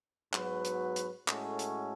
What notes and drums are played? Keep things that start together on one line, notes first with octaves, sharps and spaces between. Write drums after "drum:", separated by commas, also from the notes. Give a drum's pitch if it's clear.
G#2 F#3 B3 F#4 B4, drum: clap
drum: hi-hat
drum: hi-hat
A2 G#3 C#4 F#4 A4, drum: clap
drum: hi-hat